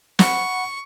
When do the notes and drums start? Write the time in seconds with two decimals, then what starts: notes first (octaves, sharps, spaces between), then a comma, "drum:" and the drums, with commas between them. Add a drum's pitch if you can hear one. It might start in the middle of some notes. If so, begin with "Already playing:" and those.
0.19 F#5 B5 C#6, drum: snare